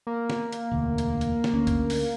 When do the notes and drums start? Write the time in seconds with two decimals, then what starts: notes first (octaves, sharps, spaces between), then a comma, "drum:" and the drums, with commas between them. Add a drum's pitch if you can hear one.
0.07 A#3
0.30 drum: snare
0.52 drum: hi-hat
0.71 E1 D2
0.98 drum: hi-hat
1.21 drum: hi-hat
1.44 drum: snare
1.53 D2 C#4
1.67 drum: kick, hi-hat
1.90 drum: open hi-hat